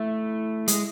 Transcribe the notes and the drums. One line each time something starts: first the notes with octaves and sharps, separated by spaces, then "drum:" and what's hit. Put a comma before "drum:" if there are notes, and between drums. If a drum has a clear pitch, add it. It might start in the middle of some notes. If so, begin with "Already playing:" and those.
Already playing: A3 E4
G#3, drum: hi-hat